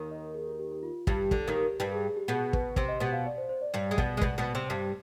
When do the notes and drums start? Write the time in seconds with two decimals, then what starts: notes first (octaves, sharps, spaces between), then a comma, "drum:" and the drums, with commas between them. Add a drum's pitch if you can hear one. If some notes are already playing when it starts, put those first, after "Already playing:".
Already playing: D#2 D#3
0.11 D#5
0.34 G#4
0.47 G4
0.59 G4
0.71 G4
0.83 F4
1.07 G2 G3 G4, drum: kick
1.31 D3 G4, drum: kick
1.48 D#2 D#3
1.56 G4
1.80 G2 G3 B4
1.92 G#4
2.05 G#4
2.16 G4
2.28 B2 B3 G#4
2.53 B4, drum: kick
2.76 C3 C4 C5, drum: kick
2.88 D#5
3.00 B2 B3 G4
3.13 F5
3.26 D5
3.38 C5
3.49 C5
3.61 D5
3.74 G2 G3
3.91 G#3
3.98 B2 B3, drum: kick
4.17 G#3
4.21 B2 B3, drum: kick
4.38 B2 B3
4.55 C3 C4
4.70 G2 G3 C5